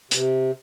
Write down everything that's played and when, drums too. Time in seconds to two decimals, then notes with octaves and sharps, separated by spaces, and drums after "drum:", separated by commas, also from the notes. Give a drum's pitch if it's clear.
0.11 C3, drum: hi-hat